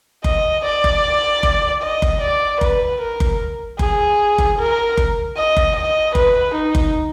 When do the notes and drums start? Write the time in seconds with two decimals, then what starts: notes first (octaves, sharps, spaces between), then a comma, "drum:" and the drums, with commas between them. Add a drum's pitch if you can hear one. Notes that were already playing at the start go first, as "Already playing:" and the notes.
0.24 D#5, drum: kick F#1
0.65 D5
0.84 drum: kick F#1
1.43 drum: kick F#1
1.83 D#5
2.02 drum: kick F#1
2.21 D5
2.61 B4, drum: kick F#1
3.01 A#4
3.20 drum: kick F#1
3.79 G#4, drum: kick F#1
4.38 drum: kick F#1
4.59 A#4
4.97 drum: kick F#1
5.37 D#5
5.57 drum: kick F#1
5.76 D#5
6.15 B4, drum: kick F#1
6.55 D#4
6.75 drum: kick F#1